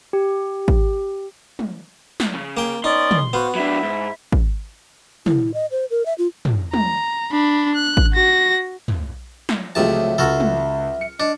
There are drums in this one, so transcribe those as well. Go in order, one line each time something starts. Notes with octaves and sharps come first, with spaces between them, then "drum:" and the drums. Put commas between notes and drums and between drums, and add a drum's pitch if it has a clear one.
G4
drum: kick
drum: tom
drum: snare
C#3
A#3 G5
B3 C#4 D#4 D5 C6
drum: tom
B3 F#4 C5 F5
F#3 D4 E4 E5
G#2
drum: kick
E4, drum: tom
D#5
C5
A#4
E5
F4
drum: tom
A#5, drum: tom
D4 B5
F#6
drum: kick
F#4 A#6
drum: tom
drum: snare
C#2 C3 F3 F#3 A3 E5 A5
C#2 F#4 A4 F6
drum: tom
C#7
D4 D#5